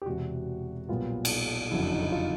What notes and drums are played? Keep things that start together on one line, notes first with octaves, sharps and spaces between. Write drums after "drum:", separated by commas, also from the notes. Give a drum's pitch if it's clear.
G4
E1 E2 C3 F#4
B1 A#2 G3 B3 F4
drum: cymbal
F#1 F2 D3 F#3 E4
D4
D#4
E4
F4